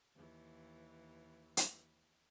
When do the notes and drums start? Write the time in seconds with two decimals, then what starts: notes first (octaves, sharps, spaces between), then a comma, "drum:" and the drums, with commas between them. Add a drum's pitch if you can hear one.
0.17 D#2 E3
1.57 drum: hi-hat